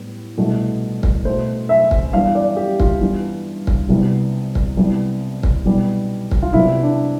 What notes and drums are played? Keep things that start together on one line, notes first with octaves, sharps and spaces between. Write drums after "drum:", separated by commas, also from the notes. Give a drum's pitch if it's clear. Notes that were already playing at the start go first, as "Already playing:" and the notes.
Already playing: A2 G3 B3
C2 B2 A3
drum: kick
B2 A3 C5
E5
drum: kick
G2 E3 G3 B3 F5
D5
G4
F4, drum: kick
G2 E3 B3
drum: kick
C2 C3 G3 B3
drum: kick
C2 C3 G3 B3
drum: kick
C2 B2 G3 B3
drum: kick
F4
C2 C3 G3 B3 E4
D4